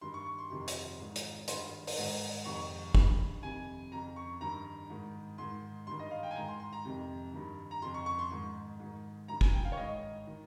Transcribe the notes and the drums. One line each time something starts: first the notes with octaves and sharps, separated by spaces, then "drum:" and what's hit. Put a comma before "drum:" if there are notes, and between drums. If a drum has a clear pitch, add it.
G2 D#3 C6
C#6
C#6
C6
F2 C3 D#3 C6
drum: hi-hat
G#2 D#3
drum: hi-hat
G2 D#3 C6, drum: hi-hat
drum: open hi-hat
G#2 D#3
F2 C3 D#3 C#6
G2 D#3, drum: kick G1
F2 C3 D#3 G#5
F2 C#3 A#5
C#6
G2 D#3 A#5
G#2 D#3
G#2 D#3 C6
G2 D#3 C6
D#5
F5
G5
G#5
G#2 D#3 A#5
C6
C6
A#5
F2 C3 D#3
G2 D#3
A#5
F2 C#3 C6
C#6
C#6
C6
G#2 D#3
G#2 D#3
G2 D#3 A#5
G#5, drum: kick G1
G5
F5
C#5
G#2 D#3 D#5
D#3